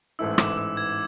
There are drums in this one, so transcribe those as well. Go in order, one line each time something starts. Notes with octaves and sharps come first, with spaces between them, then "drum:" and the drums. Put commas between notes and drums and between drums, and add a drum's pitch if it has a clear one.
A1 G#2 E3 A3 E4 E6
D6, drum: rim click
E6
G#6